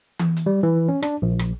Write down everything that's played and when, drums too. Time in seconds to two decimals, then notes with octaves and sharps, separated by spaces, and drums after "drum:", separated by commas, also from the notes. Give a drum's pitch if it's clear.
0.19 drum: tom E3
0.36 drum: hi-hat
0.46 G3
0.63 E3
0.89 C#4
1.02 D4, drum: rim click
1.22 A#1
1.39 drum: rim click